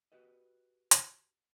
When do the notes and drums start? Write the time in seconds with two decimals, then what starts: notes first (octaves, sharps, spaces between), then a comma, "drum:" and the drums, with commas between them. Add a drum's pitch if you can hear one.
0.12 F#4 G4 B4 D#5
0.91 drum: hi-hat